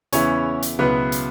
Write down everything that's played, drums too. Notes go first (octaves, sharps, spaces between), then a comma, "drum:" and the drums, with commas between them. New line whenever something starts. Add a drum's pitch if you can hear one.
E2 C#3 E3 B3 C#4 E4 C#5, drum: hi-hat
drum: hi-hat
C#2 B2 F#3 B3 E4 B4
drum: hi-hat